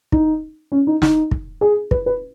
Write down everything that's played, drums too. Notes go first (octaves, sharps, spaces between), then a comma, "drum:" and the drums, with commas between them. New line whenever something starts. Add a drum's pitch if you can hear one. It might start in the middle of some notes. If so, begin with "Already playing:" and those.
D#4, drum: kick
C#4
D#4
D#4, drum: snare
drum: kick
G#4
B4, drum: kick
B4